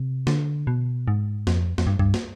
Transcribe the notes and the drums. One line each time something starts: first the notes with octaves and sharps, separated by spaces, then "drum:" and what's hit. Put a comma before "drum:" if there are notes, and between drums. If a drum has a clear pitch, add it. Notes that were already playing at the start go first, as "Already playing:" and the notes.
Already playing: C3
D3, drum: snare
B2
G#2
F2, drum: snare
F2, drum: snare
G2
G2, drum: kick
drum: snare